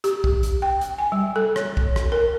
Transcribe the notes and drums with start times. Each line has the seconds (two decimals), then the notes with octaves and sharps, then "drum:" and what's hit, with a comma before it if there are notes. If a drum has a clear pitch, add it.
0.04 G4, drum: hi-hat
0.24 drum: kick
0.43 drum: hi-hat
0.62 G5
0.81 drum: hi-hat
0.98 G#5
1.12 G3
1.36 A4
1.56 C#5, drum: rim click
1.77 drum: kick
1.96 drum: rim click
2.12 A#4